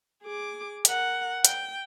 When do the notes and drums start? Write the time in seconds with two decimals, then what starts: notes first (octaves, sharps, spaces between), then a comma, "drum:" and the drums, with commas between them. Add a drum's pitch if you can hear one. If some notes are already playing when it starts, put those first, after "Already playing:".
0.23 G#4 D6
0.85 A#4 F#5, drum: hi-hat
1.45 G5, drum: hi-hat